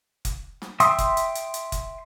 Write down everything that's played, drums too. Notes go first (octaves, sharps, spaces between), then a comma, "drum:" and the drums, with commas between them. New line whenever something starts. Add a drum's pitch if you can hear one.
drum: kick, hi-hat
drum: snare
E5 G5 C6 D#6 E6, drum: hi-hat
drum: kick, hi-hat
drum: hi-hat
drum: hi-hat
drum: hi-hat
drum: kick, hi-hat